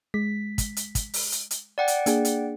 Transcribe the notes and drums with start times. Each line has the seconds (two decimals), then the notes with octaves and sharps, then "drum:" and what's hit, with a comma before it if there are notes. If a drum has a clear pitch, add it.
0.14 G#3 B6
0.58 drum: kick, hi-hat
0.77 drum: hi-hat
0.95 drum: kick, hi-hat
1.14 drum: open hi-hat
1.32 drum: hi-hat
1.51 drum: hi-hat
1.78 D5 F#5 G5
1.88 drum: hi-hat
2.06 A#3 D4 G#4, drum: hi-hat
2.25 drum: hi-hat